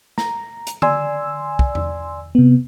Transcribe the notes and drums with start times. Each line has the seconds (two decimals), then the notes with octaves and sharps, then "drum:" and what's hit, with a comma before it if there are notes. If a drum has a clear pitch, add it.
0.18 A#5, drum: snare
0.67 drum: hi-hat
0.82 D5 G#5 C6 E6, drum: tom D3
1.59 drum: kick
1.75 drum: tom E2
2.35 C3 B3